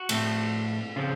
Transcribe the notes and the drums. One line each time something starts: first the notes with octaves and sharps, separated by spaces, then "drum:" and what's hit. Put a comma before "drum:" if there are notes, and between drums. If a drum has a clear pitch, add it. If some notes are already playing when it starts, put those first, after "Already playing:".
Already playing: F#4
A2 F3 A3 C4, drum: cymbal
C#3 F3 C4 F4